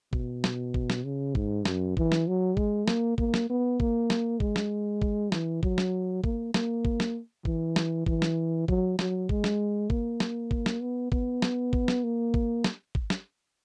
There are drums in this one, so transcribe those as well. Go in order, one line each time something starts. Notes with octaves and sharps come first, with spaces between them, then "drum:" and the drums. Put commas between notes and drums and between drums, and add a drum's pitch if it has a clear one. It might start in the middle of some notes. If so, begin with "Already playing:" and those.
B2, drum: kick G#1
drum: snare
drum: kick G#1
drum: snare
C#3
G#2, drum: kick G#1
F#2, drum: snare
E3, drum: kick G#1
drum: snare
F#3
G#3, drum: kick G#1
A#3, drum: snare
A#3, drum: kick G#1
drum: snare
B3
A#3, drum: kick G#1
drum: snare
G#3, drum: kick G#1
drum: snare
drum: kick G#1
E3, drum: snare
F#3, drum: kick G#1
drum: snare
A#3, drum: kick G#1
A#3, drum: snare
drum: kick G#1
drum: snare
E3, drum: kick G#1
drum: snare
E3, drum: kick G#1
drum: snare
F#3, drum: kick G#1
F#3, drum: snare
G#3, drum: kick G#1
drum: snare
A#3, drum: kick G#1
drum: snare
drum: kick G#1
drum: snare
B3
B3, drum: kick G#1
drum: snare
drum: kick G#1
drum: snare
A#3
drum: kick G#1
drum: snare
drum: kick G#1
drum: snare